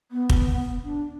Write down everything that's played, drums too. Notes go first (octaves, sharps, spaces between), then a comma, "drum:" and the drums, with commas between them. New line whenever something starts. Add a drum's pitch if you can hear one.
B3
drum: kick
D4